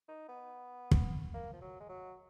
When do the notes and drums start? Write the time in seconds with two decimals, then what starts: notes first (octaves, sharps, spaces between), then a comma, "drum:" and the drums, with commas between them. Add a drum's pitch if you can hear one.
0.08 D#4
0.28 B3
0.91 drum: kick
1.34 A#3
1.53 F3
1.61 F#3
1.80 G#3
1.89 F#3